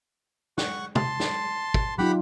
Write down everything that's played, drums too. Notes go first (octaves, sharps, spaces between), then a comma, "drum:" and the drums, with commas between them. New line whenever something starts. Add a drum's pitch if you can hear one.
F#5 C#6, drum: snare
A5 C6, drum: tom C3
drum: snare
drum: kick
F#3 D#4 F4 G4 F#5 B5